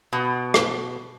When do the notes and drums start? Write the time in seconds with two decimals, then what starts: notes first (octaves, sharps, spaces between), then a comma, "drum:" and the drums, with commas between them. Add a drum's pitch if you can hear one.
0.13 B2
0.54 drum: rim click